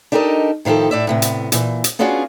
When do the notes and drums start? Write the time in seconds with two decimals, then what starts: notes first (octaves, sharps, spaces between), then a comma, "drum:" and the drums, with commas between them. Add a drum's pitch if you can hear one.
0.12 D4 D#4 G4 A4 A#4 D#5
0.65 A2 D#3 F3 G4 A4
0.91 A2 D5 E5
1.07 A2 C3 B3
1.22 drum: hi-hat
1.52 A#2 E3, drum: hi-hat
1.84 drum: hi-hat
1.99 B3 C#4 D4 F4 F#4 G#4